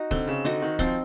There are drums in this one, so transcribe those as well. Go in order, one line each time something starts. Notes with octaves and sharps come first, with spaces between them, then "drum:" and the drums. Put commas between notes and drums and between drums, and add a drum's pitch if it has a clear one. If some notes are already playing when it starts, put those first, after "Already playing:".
Already playing: D#4 F#4
D3 C4, drum: kick
C#3
D3 D#4 F#4
D#3
F3 C4, drum: kick